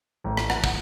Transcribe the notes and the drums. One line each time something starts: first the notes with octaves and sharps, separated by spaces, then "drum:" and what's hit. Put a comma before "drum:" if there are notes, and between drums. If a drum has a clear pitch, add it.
A1
drum: rim click
F#5, drum: rim click
drum: kick